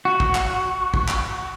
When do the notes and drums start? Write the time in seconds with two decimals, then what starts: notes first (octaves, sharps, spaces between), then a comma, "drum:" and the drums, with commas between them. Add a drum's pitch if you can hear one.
0.05 F#4
0.20 drum: kick
0.35 drum: clap
0.94 drum: kick
1.08 drum: clap